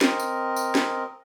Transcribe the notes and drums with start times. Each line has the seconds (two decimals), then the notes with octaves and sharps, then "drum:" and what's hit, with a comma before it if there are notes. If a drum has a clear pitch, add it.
0.01 C4 A#4 D#5, drum: snare
0.20 drum: tambourine
0.56 drum: tambourine
0.75 drum: snare